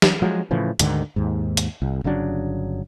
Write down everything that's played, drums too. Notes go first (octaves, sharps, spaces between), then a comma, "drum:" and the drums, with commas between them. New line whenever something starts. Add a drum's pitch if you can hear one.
drum: snare
F3 F#3 G#3
A2 C#3 E3 F3
D2 G#2 D3 D#3, drum: hi-hat
D#2 G#2
drum: hi-hat
C2
G1 C#3 F#3 D4